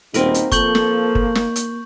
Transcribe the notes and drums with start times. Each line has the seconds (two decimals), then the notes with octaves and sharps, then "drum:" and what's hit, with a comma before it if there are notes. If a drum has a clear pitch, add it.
0.14 D#1 B2 A#3 C4 D#4 A#4 B4, drum: hi-hat
0.34 drum: hi-hat
0.52 F3 A#3 A4 C#6 G6 F#7, drum: kick, hi-hat
0.75 drum: snare
1.15 drum: kick
1.35 drum: snare
1.56 drum: hi-hat